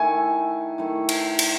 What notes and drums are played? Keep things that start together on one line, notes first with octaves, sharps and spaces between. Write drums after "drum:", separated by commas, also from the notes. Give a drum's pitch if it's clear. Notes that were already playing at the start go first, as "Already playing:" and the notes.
Already playing: D#3 A3 E4 G#5
D#3 A3 E4
drum: cymbal
drum: cymbal